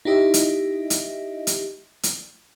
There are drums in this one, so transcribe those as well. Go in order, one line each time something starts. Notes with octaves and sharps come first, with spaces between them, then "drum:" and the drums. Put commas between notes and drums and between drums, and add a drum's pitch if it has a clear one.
D#4 E4 G4 D#5 E5
drum: hi-hat
drum: hi-hat
drum: hi-hat
drum: hi-hat